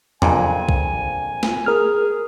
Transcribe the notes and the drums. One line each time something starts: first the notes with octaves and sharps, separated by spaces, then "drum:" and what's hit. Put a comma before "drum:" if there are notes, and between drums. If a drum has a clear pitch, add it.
A#1 F2 A#2 G#5, drum: tom
drum: kick
drum: snare
G#4 A#4 F6